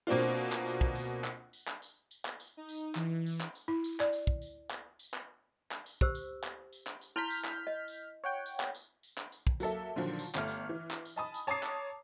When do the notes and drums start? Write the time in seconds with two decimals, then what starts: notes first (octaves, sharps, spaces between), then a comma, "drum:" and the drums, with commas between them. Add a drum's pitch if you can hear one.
0.07 B2 A#3 C4 D4 F4
0.52 drum: clap
0.67 drum: tambourine
0.81 drum: kick
0.95 drum: tambourine
1.24 drum: clap
1.53 drum: tambourine
1.68 drum: clap
1.82 drum: tambourine
2.11 drum: tambourine
2.25 drum: clap
2.40 drum: tambourine
2.57 D#4
2.69 drum: tambourine
2.95 E3, drum: clap
3.26 drum: tambourine
3.41 drum: clap
3.55 drum: tambourine
3.68 E4
3.84 drum: tambourine
4.00 D5, drum: clap
4.13 drum: tambourine
4.27 drum: kick
4.42 drum: tambourine
4.71 drum: clap
4.99 drum: tambourine
5.14 drum: clap
5.72 drum: clap
5.86 drum: tambourine
6.01 G4 C5 E6, drum: kick
6.15 drum: tambourine
6.44 drum: clap
6.73 drum: tambourine
6.87 drum: clap
7.01 drum: tambourine
7.16 E4 A5 C6 F6 G6 B6
7.30 drum: tambourine
7.45 drum: clap
7.67 D#5
7.88 drum: tambourine
8.24 C#5 F#5 G5
8.46 drum: tambourine
8.60 drum: clap
8.74 drum: tambourine
9.03 drum: tambourine
9.18 drum: clap
9.32 drum: tambourine
9.47 drum: kick
9.60 F#3 A#3 A4 E5, drum: tambourine
9.96 A#2 D3 D#3 F3 F#3
10.19 drum: tambourine
10.35 G1 A3 F6, drum: clap
10.48 drum: tambourine
10.69 E3
10.91 drum: clap
11.05 drum: tambourine
11.16 D#5 G#5 A5 B5 D#6
11.34 drum: tambourine
11.47 C#5 A5 A#5 D6 D#6 C7
11.63 drum: clap